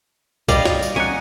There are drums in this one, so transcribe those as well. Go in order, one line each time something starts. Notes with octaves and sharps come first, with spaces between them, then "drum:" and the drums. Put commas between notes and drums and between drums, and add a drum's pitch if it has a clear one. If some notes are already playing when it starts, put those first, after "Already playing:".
G3 D5 D#5 F5, drum: kick B1, tambourine
drum: snare
drum: tambourine
C#4 D#4 F#5 G#5